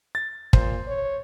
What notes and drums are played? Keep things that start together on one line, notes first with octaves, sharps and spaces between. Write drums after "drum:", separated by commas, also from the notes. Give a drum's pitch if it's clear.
A6
A#2 C5, drum: kick
C#5